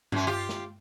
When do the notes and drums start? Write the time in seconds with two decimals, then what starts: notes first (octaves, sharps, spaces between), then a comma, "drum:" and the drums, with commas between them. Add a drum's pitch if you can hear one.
0.12 F#2 C#4, drum: tom G2
0.27 F4 G4
0.49 drum: snare